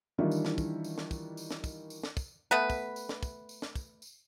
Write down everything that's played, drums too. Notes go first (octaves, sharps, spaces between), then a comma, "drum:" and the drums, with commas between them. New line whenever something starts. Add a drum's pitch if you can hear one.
D#3 E3 G3 D4 E4 F4
drum: tambourine
drum: snare
drum: kick, tambourine
drum: tambourine
drum: snare
drum: kick, tambourine
drum: tambourine
drum: snare
drum: kick, tambourine
drum: tambourine
drum: snare
drum: kick, tambourine
A3 B3 B4
drum: kick, tambourine
drum: tambourine
drum: snare
drum: kick, tambourine
drum: tambourine
drum: snare
drum: kick, tambourine
drum: tambourine